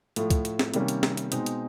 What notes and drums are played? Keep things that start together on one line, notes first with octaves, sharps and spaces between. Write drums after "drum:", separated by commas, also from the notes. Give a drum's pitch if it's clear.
A2 F3 A3, drum: hi-hat
drum: kick, hi-hat
drum: hi-hat
drum: snare
C3 D#3 G3 A#3 C#4, drum: hi-hat
drum: hi-hat
drum: snare
drum: hi-hat
B2 G#3 C4 D#4, drum: hi-hat
drum: hi-hat